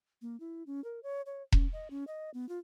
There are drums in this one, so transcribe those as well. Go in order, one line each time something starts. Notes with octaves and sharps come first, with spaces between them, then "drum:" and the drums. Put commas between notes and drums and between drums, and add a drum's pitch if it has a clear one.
A#3
E4
C#4
A#4
C#5
C#5
C#4, drum: kick E1
D#5
C#4
D#5
B3
F4